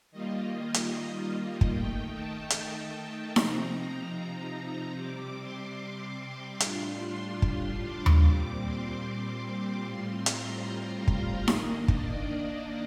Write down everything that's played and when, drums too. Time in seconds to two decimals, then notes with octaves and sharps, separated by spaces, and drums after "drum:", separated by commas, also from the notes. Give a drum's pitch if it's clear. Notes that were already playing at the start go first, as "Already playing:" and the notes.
0.12 D#3 G3 A#3 F4 D#5
0.74 drum: hi-hat
1.61 drum: kick
1.73 D#3 A3 D#4 G5
2.15 A5
2.50 drum: hi-hat
3.36 C3 F3 C4 D#4 A#5, drum: snare D#4
4.98 C3 G3 C4 D6
5.39 C6
6.60 A2 G3 D4 F4, drum: hi-hat
7.42 C6, drum: kick
7.83 D6
8.06 drum: tom D#2
8.23 A#2 G3 C4 D6
8.64 C6
9.04 D6
9.45 C6
9.86 A2 G3 C4 F4 C6
10.26 A#5, drum: hi-hat
10.67 A#5
11.08 F5, drum: kick
11.48 D#3 A#3 D4 D#5, drum: snare D#4
11.88 D5, drum: kick
12.29 D#5